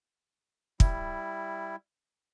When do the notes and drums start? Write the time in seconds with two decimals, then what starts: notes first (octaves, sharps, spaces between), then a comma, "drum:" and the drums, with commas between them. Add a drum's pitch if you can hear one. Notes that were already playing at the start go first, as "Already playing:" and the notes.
0.80 G3 E4, drum: kick